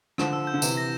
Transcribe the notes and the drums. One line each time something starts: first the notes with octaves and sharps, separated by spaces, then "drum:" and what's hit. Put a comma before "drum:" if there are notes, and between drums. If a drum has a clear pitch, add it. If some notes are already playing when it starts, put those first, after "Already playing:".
D3 F3 E7, drum: rim click
E6
G6
D3
C3 E3 E7, drum: tambourine
A#6